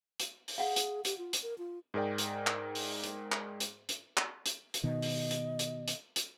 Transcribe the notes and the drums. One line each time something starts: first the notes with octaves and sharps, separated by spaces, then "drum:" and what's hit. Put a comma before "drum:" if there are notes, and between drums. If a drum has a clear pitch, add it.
drum: hi-hat
drum: open hi-hat
G#4 F5 F#5
drum: hi-hat
G4, drum: hi-hat
F4
drum: hi-hat
A#4
F4
G#2 G#4 A#4 D5 G5
drum: hi-hat
drum: clap
drum: open hi-hat
drum: hi-hat
drum: clap
drum: hi-hat
drum: hi-hat
drum: clap
drum: hi-hat
drum: hi-hat
B2 D#3 D#5
drum: open hi-hat
drum: hi-hat
drum: hi-hat
drum: hi-hat
drum: hi-hat